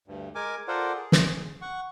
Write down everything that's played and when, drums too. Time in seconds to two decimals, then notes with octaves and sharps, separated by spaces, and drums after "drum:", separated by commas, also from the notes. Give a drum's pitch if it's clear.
0.08 D2 G2
0.35 G#3 A#4 G#5 D6
0.68 F4 A4 A#4 C5 D5 F#5
0.96 G#4
1.12 drum: snare
1.62 F#5 C#6